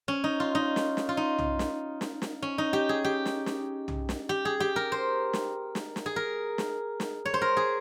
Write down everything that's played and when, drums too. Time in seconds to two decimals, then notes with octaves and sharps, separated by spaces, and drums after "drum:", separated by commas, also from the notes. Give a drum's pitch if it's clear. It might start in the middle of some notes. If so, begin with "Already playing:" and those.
0.08 C#4
0.24 D#4
0.40 F4
0.55 D#4
0.76 drum: snare
0.97 drum: snare
1.09 F4
1.17 D#4
1.38 drum: tom
1.59 drum: snare
2.01 drum: snare
2.22 drum: snare
2.42 C#4
2.58 D#4
2.73 G4
2.89 G#4
3.04 G4
3.26 drum: snare
3.46 drum: snare
3.88 drum: tom
4.09 drum: snare
4.29 G4
4.45 G#4
4.60 G4
4.76 A#4
4.92 C5
5.33 drum: snare
5.75 drum: snare
5.96 drum: snare
6.06 G#4
6.16 A#4
6.58 drum: snare
7.00 drum: snare
7.26 C#5
7.34 C5
7.42 A#4
7.57 G#4